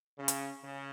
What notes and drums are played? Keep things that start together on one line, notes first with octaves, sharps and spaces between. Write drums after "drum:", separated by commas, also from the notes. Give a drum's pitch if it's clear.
C#3 C#4
drum: hi-hat
C#3